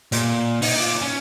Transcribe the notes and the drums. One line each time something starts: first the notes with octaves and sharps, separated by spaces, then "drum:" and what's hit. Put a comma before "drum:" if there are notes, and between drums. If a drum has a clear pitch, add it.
A#2, drum: hi-hat
D#4, drum: open hi-hat
F4 D5
C#4